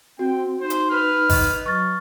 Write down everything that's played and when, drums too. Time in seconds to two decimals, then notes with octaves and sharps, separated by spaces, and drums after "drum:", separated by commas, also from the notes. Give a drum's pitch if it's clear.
0.19 C4 F#4 G5
0.61 D#4 C5
0.70 drum: hi-hat
0.91 B4 F6
1.30 D#5, drum: kick G#1, open hi-hat
1.66 F#3 C#6 F6 A6